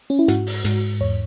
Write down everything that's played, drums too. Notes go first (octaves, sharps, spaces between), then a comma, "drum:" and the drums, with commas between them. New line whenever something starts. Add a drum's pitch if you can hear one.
C#4
E4
G#2 F#4, drum: hi-hat
drum: open hi-hat
G#2, drum: hi-hat
E2 C#5